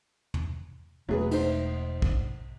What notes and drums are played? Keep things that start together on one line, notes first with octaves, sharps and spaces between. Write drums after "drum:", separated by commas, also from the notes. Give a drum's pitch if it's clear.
drum: tom
E1 F#3 A3 G#4 B4
D#4 C5, drum: cymbal
drum: kick